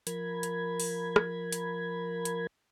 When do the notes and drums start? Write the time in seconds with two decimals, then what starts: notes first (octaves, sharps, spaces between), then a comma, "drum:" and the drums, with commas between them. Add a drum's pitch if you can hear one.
0.07 F3 A#4 B5 G#6, drum: hi-hat
0.43 drum: hi-hat
0.80 drum: open hi-hat
1.16 drum: rim click
1.52 drum: hi-hat
2.25 drum: hi-hat